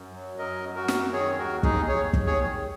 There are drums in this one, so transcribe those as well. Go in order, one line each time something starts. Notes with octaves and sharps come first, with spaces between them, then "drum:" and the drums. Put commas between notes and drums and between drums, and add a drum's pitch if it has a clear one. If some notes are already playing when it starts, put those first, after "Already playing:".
Already playing: F#2
F#3
F#2 A#4 D#5
F#2
F#4 A#4
F#2, drum: snare
D#3 G#4 C#5
D#2 F#4 A#4
D#2 D#4 G#4, drum: kick
D#2 G#4 C#5
D#2, drum: kick
G#4 C#5
D#3